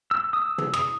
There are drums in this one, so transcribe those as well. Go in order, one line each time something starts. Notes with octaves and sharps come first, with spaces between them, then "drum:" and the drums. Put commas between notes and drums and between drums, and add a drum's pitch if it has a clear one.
E6
D#6
E6
drum: tom
D#6, drum: rim click